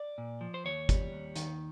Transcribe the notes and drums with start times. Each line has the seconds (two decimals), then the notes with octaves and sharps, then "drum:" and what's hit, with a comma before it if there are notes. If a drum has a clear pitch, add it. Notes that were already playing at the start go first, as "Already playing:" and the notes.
Already playing: D5
0.18 A#2
0.41 F3
0.54 C5
0.65 D#2 C#5
0.89 G3, drum: kick G1, hi-hat
1.12 D#2
1.36 D#3, drum: hi-hat